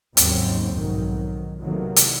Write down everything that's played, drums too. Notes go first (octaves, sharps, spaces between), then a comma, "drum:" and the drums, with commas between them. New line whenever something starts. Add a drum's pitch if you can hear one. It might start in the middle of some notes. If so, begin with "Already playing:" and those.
F1 D#2 G#2 C#3 F#3 C4, drum: hi-hat
B1 F2 G#2 D#3 F#3
C3 D#3 E3 F#3 A3 A#3
drum: hi-hat